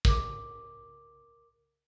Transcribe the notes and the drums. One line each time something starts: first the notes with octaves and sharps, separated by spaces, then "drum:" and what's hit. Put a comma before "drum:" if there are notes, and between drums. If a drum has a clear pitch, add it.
A#4 D6, drum: kick